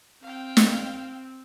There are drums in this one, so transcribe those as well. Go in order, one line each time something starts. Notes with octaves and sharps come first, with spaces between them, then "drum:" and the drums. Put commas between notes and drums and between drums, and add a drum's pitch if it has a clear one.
C4 F5 G5
drum: snare